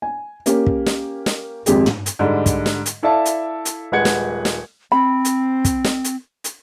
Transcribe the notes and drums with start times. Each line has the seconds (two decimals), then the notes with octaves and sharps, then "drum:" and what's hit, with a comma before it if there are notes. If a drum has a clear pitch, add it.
0.02 G#5
0.46 A#3 C#4 G4, drum: hi-hat
0.66 drum: kick
0.86 drum: snare
1.26 drum: snare
1.66 G#1 F2 G4 G#4, drum: hi-hat
1.86 drum: tom
2.06 drum: hi-hat
2.19 G#2 D3 G3
2.46 drum: kick, hi-hat
2.66 drum: snare
2.86 drum: hi-hat
3.03 E4 A4 D5 E5 F5 A5
3.25 drum: hi-hat
3.65 drum: hi-hat
3.92 D#1 G#3 B4 F#5 G#6 C#7
4.05 drum: snare
4.45 drum: snare
4.92 C4 B5
5.25 drum: hi-hat
5.65 drum: kick, hi-hat
5.84 drum: snare
6.04 drum: hi-hat
6.44 drum: hi-hat